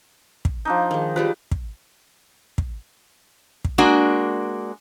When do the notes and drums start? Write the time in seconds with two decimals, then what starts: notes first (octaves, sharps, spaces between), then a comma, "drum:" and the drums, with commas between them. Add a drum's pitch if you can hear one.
0.45 drum: kick
0.65 F3 D4 D#4
0.91 D#3 G#3
1.16 F3 G3 G#3 B4
1.51 drum: kick
2.58 drum: kick
3.65 drum: kick
3.78 G#3 A#3 D4 F#4